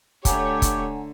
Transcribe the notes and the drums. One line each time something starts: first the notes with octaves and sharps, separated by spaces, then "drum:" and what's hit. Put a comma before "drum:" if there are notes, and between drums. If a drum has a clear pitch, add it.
D3 A3 G4 C#5 F#5 G#5 A#5, drum: kick, hi-hat
drum: kick, hi-hat